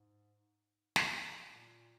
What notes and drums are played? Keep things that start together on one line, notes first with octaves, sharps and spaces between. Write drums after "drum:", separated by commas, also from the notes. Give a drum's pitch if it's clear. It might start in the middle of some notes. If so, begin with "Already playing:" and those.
Already playing: G#2
drum: snare
A#2